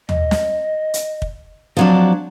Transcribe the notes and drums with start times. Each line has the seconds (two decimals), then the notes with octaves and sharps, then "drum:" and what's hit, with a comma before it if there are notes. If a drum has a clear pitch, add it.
0.09 D#5, drum: tom
0.31 drum: snare
0.94 drum: hi-hat
1.22 drum: kick
1.77 F3 F#3 C4 D4